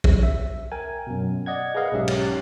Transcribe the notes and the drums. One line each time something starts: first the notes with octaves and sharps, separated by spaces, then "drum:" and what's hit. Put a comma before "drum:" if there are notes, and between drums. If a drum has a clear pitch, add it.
drum: kick
E5
A#4 G5 G#5
F#2 B2
D5 D#5 F#5 G#6
G#4 A#4 B4 D#5 F5 F#5
B1 G#2 C#4 G4 E5
drum: cymbal